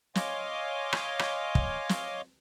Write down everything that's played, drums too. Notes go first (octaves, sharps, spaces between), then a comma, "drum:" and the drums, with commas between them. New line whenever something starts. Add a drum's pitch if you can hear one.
C#5 D#5 F5 G#5 C6 D6, drum: snare
drum: rim click
drum: rim click
drum: kick
drum: snare